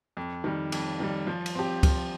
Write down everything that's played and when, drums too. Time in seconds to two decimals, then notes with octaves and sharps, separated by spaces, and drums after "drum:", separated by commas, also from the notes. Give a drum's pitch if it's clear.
0.17 F2
0.44 D#3 G3
0.72 F2, drum: cymbal
1.00 D#3 G3
1.27 F3
1.46 drum: cymbal
1.55 C4 G4
1.83 F3, drum: kick C#2, cymbal